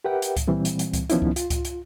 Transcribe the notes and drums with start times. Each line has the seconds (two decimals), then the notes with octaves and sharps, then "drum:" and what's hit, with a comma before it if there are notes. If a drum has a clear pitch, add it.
0.04 G4 A#4 B4 E5 F#5 G5
0.22 drum: hi-hat
0.37 drum: kick C#2, hi-hat
0.48 A#2 E3 G3 C4
0.65 drum: hi-hat
0.79 drum: hi-hat
0.93 drum: kick C#2, hi-hat
1.10 D#3 F3 B3 C#4 D#4 E4, drum: hi-hat
1.22 drum: kick C#2
1.36 F4, drum: hi-hat
1.50 drum: kick C#2, hi-hat
1.65 drum: hi-hat